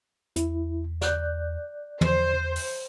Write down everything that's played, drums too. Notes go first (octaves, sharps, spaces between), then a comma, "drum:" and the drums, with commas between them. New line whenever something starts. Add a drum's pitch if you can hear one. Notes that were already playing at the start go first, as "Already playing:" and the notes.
E2 E4, drum: hi-hat
D5 F#6 G6, drum: snare
E2 C5, drum: tom
drum: open hi-hat